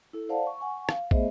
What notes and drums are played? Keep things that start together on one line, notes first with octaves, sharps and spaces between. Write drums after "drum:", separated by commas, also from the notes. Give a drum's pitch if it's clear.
E4 A4
C5 D5 F5 F#5 A5
C#6
F#5 G#5 C#6
F5, drum: rim click
A3 B3 G#4 C5 D#5 E5, drum: kick